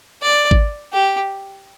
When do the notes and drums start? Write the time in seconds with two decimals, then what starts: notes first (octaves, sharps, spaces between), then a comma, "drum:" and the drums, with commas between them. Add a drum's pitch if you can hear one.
0.23 D5
0.51 drum: kick G#1
0.93 G4